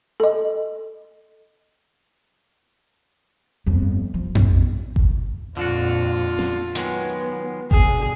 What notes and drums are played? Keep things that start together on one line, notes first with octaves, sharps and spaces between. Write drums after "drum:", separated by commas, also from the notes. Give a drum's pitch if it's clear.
A4 D#5
G1 F2
F3
B1, drum: tom F2
drum: kick G1
F2 A#2 D3 D4 F4 F#4
drum: snare
D#3 F#3 G#3 B3, drum: hi-hat
B2 D3 G#4, drum: kick G1